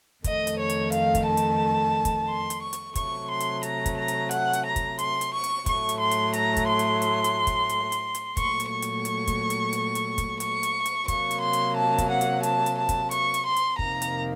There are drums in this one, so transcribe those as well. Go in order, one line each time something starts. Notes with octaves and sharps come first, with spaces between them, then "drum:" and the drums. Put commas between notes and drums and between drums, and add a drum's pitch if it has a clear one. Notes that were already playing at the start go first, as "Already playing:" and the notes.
F2 D#3 A3 D#5, drum: kick, hi-hat
drum: hi-hat
C#5
drum: hi-hat
F5, drum: hi-hat
drum: kick, hi-hat
A5
drum: hi-hat
drum: kick, hi-hat
C6
drum: hi-hat
C#6
drum: hi-hat
C3 F#3 A3 C#6, drum: kick, hi-hat
C6
drum: hi-hat
A#5, drum: hi-hat
drum: kick, hi-hat
A#5
drum: hi-hat
F#5, drum: hi-hat
drum: hi-hat
A#5
drum: kick, hi-hat
C6, drum: hi-hat
drum: hi-hat
C#6
drum: hi-hat
A2 F#3 A3 C#6, drum: kick, hi-hat
drum: hi-hat
C6
drum: hi-hat
A#5, drum: hi-hat
drum: kick, hi-hat
C6
drum: hi-hat
drum: hi-hat
drum: hi-hat
drum: kick, hi-hat
drum: hi-hat
drum: hi-hat
drum: hi-hat
A#2 F#3 A3 C#6, drum: kick, hi-hat
drum: hi-hat
C#6
drum: hi-hat
drum: hi-hat
drum: kick, hi-hat
drum: hi-hat
drum: hi-hat
drum: hi-hat
drum: kick, hi-hat
C#6, drum: hi-hat
drum: hi-hat
drum: hi-hat
C3 F#3 A#3 C#6, drum: kick, hi-hat
drum: hi-hat
C6
drum: hi-hat
A5
drum: kick, hi-hat
F#5
drum: hi-hat
A5, drum: hi-hat
drum: hi-hat
A5
drum: kick, hi-hat
C#6, drum: hi-hat
drum: hi-hat
C6
drum: hi-hat
F2 C3 D#3 A#3 A#5, drum: kick
drum: hi-hat